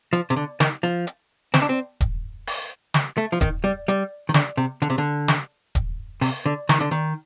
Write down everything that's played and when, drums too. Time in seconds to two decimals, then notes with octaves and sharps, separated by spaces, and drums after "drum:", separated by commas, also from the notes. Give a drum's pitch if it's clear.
0.13 F3, drum: hi-hat
0.30 C3
0.36 D3
0.60 D#3, drum: snare
0.83 F3
1.07 drum: hi-hat
1.54 C4, drum: snare
1.62 D4
1.69 C4
2.01 drum: kick D#1, hi-hat
2.47 drum: open hi-hat
2.94 drum: snare
3.18 A3
3.32 F3
3.41 D#3, drum: kick D#1, hi-hat
3.64 G3
3.88 G3, drum: hi-hat
4.29 D#3
4.34 D3, drum: snare
4.57 C3
4.82 D3, drum: hi-hat
4.90 C3
4.98 D3
5.28 drum: snare
5.75 drum: kick D#1, hi-hat
6.21 C3, drum: open hi-hat
6.46 D3
6.69 D#3, drum: snare
6.80 D3
6.91 D#3